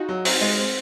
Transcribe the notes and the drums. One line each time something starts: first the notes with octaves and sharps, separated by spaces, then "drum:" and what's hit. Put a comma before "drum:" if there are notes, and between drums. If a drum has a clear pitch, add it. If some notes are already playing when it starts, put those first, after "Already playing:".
Already playing: D#4 F4 F#4 G#4
F#3
C4 D#4 F#4, drum: open hi-hat
G#3
C4